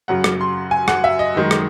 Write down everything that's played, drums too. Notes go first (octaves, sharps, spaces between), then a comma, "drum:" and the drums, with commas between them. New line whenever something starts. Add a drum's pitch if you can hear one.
F#2 C#3 F#3 F#5
drum: rim click
C6
G#5
F#5, drum: rim click
E5
D#5
F#2 D#3 G#3
drum: rim click